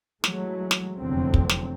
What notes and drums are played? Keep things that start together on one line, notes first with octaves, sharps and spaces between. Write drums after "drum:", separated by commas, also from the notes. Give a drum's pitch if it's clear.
E3 F#3 G#3 A3, drum: snare
drum: snare
F1 E2 D3 F#3 C4
drum: kick
drum: snare